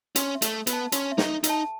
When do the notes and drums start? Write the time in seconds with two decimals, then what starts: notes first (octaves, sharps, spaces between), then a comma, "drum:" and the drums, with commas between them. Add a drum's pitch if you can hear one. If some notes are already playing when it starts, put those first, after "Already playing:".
0.16 C#4 F#4, drum: hi-hat
0.35 E5
0.42 A3, drum: hi-hat
0.54 A4
0.67 B3, drum: hi-hat
0.73 A5
0.92 C#4 F#4, drum: hi-hat
1.12 E5
1.18 D#4, drum: snare
1.30 A4
1.44 D#4, drum: hi-hat
1.49 A5